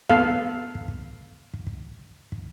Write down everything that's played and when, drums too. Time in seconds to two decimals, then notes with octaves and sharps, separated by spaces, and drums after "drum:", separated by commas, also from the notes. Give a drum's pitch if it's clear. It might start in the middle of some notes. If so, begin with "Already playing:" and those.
0.10 B3 A4 F5, drum: kick
0.75 drum: kick
0.88 drum: kick
1.54 drum: kick
1.67 drum: kick
2.32 drum: kick